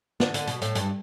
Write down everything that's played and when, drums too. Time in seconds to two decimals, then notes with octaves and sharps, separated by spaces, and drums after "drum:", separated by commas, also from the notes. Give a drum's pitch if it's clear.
0.20 D3, drum: snare
0.34 D3, drum: hi-hat
0.47 B2, drum: hi-hat
0.62 A2, drum: hi-hat
0.75 G2, drum: hi-hat